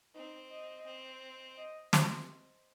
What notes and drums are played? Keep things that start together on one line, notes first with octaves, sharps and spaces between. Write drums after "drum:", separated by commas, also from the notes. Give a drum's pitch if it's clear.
C4 D#4
D#5
C4
D#5
C5, drum: snare